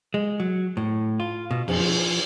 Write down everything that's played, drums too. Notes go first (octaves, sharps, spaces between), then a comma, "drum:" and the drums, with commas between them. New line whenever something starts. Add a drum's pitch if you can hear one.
G#3
F#3
A2
F4
B2
F2, drum: cymbal
F3